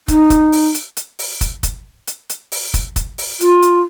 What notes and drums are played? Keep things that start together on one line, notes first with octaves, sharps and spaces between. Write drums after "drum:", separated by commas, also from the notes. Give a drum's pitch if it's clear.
D#4, drum: kick, hi-hat
drum: kick, hi-hat
drum: open hi-hat
drum: hi-hat
drum: hi-hat
drum: open hi-hat
drum: kick, hi-hat
drum: kick, hi-hat
drum: hi-hat
drum: hi-hat
drum: open hi-hat
drum: kick, hi-hat
drum: kick, hi-hat
drum: open hi-hat
F4, drum: hi-hat
drum: hi-hat